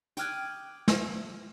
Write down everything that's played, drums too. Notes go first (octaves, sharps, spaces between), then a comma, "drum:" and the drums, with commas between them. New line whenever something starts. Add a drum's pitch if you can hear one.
G5 D6 D#6 F6 F#6 G#6, drum: hi-hat
drum: snare